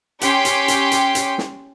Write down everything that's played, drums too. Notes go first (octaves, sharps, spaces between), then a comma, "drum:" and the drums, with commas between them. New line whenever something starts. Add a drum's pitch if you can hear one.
C#4 G4 G5 C6 B6, drum: hi-hat
drum: hi-hat
drum: hi-hat
drum: hi-hat
drum: hi-hat
drum: snare